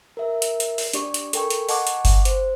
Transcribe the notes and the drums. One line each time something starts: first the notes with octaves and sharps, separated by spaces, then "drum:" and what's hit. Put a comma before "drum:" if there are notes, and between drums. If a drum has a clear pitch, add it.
A#4 E5
drum: hi-hat
drum: hi-hat
drum: open hi-hat
D4 G4 D5 C#6, drum: hi-hat
drum: hi-hat
A4 A#4 G5 G#5 C#6, drum: hi-hat
drum: hi-hat
D#5 F#5 G#5 A5 C#6 D6, drum: open hi-hat
drum: hi-hat
drum: kick G1, open hi-hat
C5, drum: hi-hat